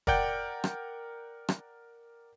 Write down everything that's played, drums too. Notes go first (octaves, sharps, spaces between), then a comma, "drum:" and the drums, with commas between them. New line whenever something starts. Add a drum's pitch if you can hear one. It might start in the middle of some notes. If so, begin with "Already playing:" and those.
A#4 D5 F#5 G5 G6, drum: kick
drum: rim click
drum: rim click